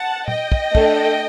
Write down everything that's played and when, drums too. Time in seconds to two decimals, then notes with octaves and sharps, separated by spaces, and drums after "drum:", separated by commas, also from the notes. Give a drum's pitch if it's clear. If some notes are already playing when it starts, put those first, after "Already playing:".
Already playing: F#5 A5
0.28 D#5 G5, drum: tom A#2
0.52 drum: kick
0.75 A3 D4 A4, drum: kick